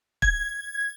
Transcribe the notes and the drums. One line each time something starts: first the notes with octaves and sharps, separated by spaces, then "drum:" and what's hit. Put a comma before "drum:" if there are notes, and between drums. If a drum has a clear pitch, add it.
G#6, drum: kick